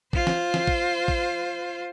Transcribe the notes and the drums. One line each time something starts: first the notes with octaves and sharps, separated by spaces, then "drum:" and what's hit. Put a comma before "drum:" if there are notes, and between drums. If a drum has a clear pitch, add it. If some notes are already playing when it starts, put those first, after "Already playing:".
F4 C5, drum: kick
drum: snare
drum: snare
drum: kick
drum: kick